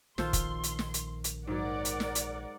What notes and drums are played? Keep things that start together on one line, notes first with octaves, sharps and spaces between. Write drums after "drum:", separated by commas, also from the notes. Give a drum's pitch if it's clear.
A#1 D#3 F4 A4 C5 C6, drum: snare
drum: kick, hi-hat
drum: hi-hat
drum: snare
drum: hi-hat
drum: hi-hat
G#2 F#3 A#4 D5 F#5
drum: hi-hat
drum: snare
drum: hi-hat